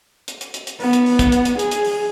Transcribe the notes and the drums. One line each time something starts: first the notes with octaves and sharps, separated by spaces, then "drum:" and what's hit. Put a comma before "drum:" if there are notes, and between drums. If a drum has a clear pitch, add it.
drum: hi-hat
drum: hi-hat
drum: hi-hat
drum: hi-hat
B3, drum: open hi-hat
drum: hi-hat
drum: open hi-hat
drum: kick, hi-hat
drum: hi-hat
drum: hi-hat
G#4, drum: hi-hat
drum: hi-hat
drum: open hi-hat